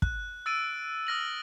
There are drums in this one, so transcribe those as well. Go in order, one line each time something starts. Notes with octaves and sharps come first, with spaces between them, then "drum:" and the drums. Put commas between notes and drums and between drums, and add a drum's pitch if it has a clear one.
F#6, drum: kick
E6 A6 D7 D#7
D#6 F6 A#6 F#7